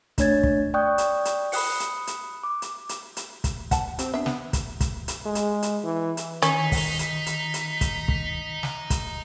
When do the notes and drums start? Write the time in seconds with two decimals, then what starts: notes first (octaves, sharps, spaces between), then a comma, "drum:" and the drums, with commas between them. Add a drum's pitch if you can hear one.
0.18 A3 D4 C#5 G#6 A6, drum: kick, hi-hat
0.43 drum: kick
0.74 D5 G5 C#6 D#6 F#6 G6
0.98 drum: hi-hat
1.25 drum: hi-hat
1.52 B5 D#6 F#6 C#7, drum: open hi-hat
1.80 drum: hi-hat
2.07 drum: hi-hat
2.44 D6
2.62 drum: hi-hat
2.89 drum: hi-hat
3.17 drum: hi-hat
3.44 drum: kick, hi-hat
3.71 F#5 A5, drum: kick, hi-hat
3.99 C4 G4, drum: hi-hat
4.14 B3 D4 E5
4.26 B3, drum: snare
4.53 drum: kick, hi-hat
4.81 drum: kick, hi-hat
5.08 drum: hi-hat
5.26 G#3
5.35 drum: hi-hat
5.62 drum: hi-hat
5.84 E3
6.17 drum: hi-hat
6.42 D#3 C#4 D#4 B6, drum: hi-hat
6.72 drum: kick, open hi-hat
6.99 drum: hi-hat
7.26 drum: hi-hat
7.54 drum: hi-hat
7.81 drum: kick, hi-hat
8.08 drum: kick
8.63 drum: snare
8.90 drum: kick, hi-hat